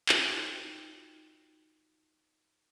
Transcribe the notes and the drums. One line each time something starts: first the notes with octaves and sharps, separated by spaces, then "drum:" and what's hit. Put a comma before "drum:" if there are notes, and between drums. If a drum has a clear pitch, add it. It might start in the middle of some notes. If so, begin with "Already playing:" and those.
D#4 F4 F#4 D#5 G5 A5, drum: clap